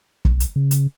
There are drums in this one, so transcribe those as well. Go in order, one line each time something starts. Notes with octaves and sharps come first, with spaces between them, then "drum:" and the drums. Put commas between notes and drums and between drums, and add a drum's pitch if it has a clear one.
B1, drum: kick
drum: hi-hat
C#3
drum: hi-hat